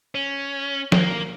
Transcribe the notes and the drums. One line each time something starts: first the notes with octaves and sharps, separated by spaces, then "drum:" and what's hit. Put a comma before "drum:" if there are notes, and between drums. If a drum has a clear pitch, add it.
C#4
A#3, drum: snare